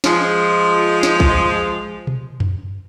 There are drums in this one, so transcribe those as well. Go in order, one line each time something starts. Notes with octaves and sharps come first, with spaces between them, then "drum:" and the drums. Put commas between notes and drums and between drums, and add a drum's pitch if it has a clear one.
F3 G#3, drum: snare
drum: snare
drum: kick A#1
drum: tom B2
drum: tom F2